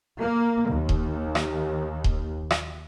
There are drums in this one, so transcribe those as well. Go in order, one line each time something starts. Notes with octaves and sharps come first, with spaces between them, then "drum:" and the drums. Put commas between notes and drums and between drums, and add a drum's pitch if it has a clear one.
A#3
D#2
drum: kick D#1
drum: rim click
drum: kick D#1
drum: rim click